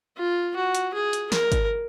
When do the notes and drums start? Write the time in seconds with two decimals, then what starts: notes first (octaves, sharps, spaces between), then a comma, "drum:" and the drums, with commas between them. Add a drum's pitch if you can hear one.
0.17 F4
0.56 F#4
0.75 drum: hi-hat
0.94 G#4
1.13 drum: hi-hat
1.32 A#4, drum: snare
1.52 drum: kick G#1, hi-hat